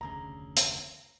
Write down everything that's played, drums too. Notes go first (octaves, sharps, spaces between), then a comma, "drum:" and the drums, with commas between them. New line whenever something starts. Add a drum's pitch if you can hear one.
F1 D2 C#3 A#5
drum: hi-hat